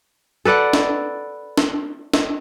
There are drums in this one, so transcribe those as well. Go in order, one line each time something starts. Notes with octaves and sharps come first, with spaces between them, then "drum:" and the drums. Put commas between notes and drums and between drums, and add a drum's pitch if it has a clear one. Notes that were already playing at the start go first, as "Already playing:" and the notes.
A4 B4 D5 F#5
drum: snare
drum: snare
drum: snare